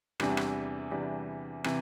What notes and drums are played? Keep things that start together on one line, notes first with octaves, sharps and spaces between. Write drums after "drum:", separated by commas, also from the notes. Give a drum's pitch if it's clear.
E2 C3 E3 G3 D4, drum: rim click
drum: rim click
E2 C3 E3 G3 D4
C3 E3, drum: rim click